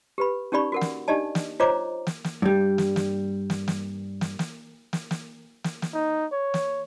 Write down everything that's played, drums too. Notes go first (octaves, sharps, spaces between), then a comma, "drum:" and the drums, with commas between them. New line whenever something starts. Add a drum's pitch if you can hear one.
G4 B4 B5
C#4 D#4 G4 D5 B5 C#6
F#4 A#4 F#5
drum: snare
D4 D#4 G4 D5 D#5 A5
drum: snare
F4 C5 C#5 D#5 A#5 D6
drum: snare
drum: snare
G2 G3
drum: snare
drum: snare
drum: snare
drum: snare
drum: snare
drum: snare
drum: snare
drum: snare
drum: snare
drum: snare
D#4
C#5
drum: snare